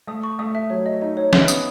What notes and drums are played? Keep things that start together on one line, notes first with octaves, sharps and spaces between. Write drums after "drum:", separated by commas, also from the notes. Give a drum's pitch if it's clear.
A3 D#6
C#6
A3 D#6
E5
F#3 C#5
D#5
D#4 D#5
C#5
B3 E5, drum: snare
D#6, drum: tambourine